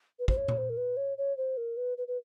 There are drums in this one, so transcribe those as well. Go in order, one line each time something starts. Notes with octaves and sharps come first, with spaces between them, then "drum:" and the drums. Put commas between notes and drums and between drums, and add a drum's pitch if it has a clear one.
B4
C5, drum: kick
C#5
drum: tom A#2
C5
A#4
B4
C#5
C#5
C5
A#4
B4
B4
B4